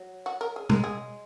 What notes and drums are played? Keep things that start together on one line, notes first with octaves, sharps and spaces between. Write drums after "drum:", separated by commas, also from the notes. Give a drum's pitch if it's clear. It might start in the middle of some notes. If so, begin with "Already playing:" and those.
Already playing: F#3
F#4
A#4
G#4
G#3 A#4, drum: tom
G#4